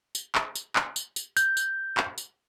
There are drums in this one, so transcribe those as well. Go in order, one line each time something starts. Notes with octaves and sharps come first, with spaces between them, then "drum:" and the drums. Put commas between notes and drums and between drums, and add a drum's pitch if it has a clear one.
drum: tambourine
drum: clap
drum: tambourine
drum: clap
drum: tambourine
drum: tambourine
G6, drum: tambourine
drum: tambourine
drum: clap
drum: tambourine